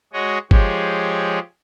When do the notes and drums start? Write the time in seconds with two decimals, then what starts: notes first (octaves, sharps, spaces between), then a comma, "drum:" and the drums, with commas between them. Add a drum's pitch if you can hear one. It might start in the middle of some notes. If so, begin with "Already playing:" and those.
0.13 G#3 F#4 G#4 C#5 D#5
0.51 F3 G#3 G4 G#4 C#5, drum: kick